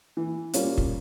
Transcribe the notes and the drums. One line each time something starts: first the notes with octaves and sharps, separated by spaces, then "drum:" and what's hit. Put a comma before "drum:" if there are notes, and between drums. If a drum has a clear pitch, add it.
E3
G3 A#3 C#4 F4, drum: hi-hat
drum: kick